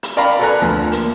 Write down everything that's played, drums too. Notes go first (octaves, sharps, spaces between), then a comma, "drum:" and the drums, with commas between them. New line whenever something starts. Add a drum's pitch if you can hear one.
drum: hi-hat
A#4 D5 F5 G5 A#5 B5
A4 B4 D5 G#5 A#5 F#6
D2 F3
A#3, drum: hi-hat